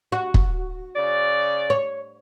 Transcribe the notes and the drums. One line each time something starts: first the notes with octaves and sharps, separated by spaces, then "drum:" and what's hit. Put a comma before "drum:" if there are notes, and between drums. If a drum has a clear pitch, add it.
F#4
drum: kick
C#3 D5
C#5